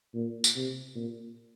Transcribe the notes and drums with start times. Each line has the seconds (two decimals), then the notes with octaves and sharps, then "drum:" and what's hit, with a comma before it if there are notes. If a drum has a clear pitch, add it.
0.14 A#2
0.44 drum: tambourine
0.56 C3
0.95 A#2